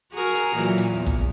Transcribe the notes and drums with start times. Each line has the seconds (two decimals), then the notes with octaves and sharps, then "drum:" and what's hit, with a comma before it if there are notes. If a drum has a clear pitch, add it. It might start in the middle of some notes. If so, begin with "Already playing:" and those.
0.13 F#4 G#4 A#4
0.35 drum: hi-hat
0.55 A#2 E3 F#3
0.78 drum: hi-hat
0.92 E2
1.06 drum: kick, hi-hat